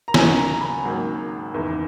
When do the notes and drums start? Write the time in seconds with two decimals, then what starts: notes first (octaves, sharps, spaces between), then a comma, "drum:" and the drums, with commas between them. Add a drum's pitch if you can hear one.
0.08 A#5
0.14 D#2 C#3 F#3 G#5, drum: snare
0.38 A#5
0.61 B5
0.85 G#1 G#2 F#3 A#3
1.53 F#1 E2 D#3